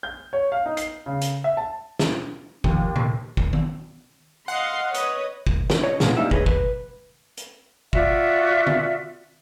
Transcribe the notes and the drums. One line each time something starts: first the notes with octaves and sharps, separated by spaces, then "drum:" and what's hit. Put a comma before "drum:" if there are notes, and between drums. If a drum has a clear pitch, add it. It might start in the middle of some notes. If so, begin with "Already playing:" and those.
G6
C#5
F5
D#4
C7, drum: hi-hat
C#3
drum: hi-hat
E5
A5
drum: snare
D#2 F3, drum: kick
A#2, drum: tom C3
drum: kick
drum: tom D#3
D#5 F5 F#5 C6 C7
B4 C#5 D#5 D#6, drum: hi-hat
drum: kick
drum: snare
C#5 D#5
B1 A#2 G#3 B3 G#4, drum: snare
G3 A#3 D#4 E4 E5
G#4 B4 C#5 D#5, drum: kick
B4, drum: kick
drum: hi-hat
F4 F#4 D5 E5, drum: kick
drum: tom